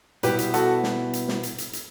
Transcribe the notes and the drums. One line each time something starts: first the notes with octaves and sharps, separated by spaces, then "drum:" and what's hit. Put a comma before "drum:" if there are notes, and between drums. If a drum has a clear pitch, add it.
B2 G3 B3 E4 G4 B4, drum: hi-hat
drum: hi-hat
F#4 A4, drum: hi-hat
drum: snare
drum: hi-hat
drum: snare
drum: hi-hat
drum: hi-hat
drum: hi-hat